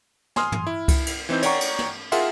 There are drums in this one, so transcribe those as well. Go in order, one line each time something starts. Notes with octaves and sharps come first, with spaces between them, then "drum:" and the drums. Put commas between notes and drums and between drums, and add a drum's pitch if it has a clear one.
G#5 C6 D#6 F6, drum: snare
drum: tom
E4
drum: kick C2, cymbal
drum: cymbal
E3 C4 D#4 G6
C#5 D5 F#5 G5 A#5 C#6, drum: cymbal
drum: cymbal
drum: snare
F4 G#4 A#4 E5 F#5 C6, drum: cymbal